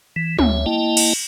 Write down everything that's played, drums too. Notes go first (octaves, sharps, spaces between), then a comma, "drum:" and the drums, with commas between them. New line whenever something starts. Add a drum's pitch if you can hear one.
E3
D2 C#5 E5, drum: tom
A#3 E4 D#5 G5 A5
drum: cymbal